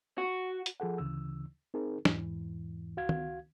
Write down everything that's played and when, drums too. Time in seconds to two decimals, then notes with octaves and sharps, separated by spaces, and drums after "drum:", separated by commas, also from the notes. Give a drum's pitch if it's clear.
0.18 F#4
0.66 drum: hi-hat
0.80 F3 G#4 A4 F#5
0.98 D2 C#3 E3 E6
1.74 C4 D#4 G#4 A#4
2.05 E2 G#2 E3, drum: snare
2.97 C#2 F#4 F5 G#6
3.09 drum: tom D#3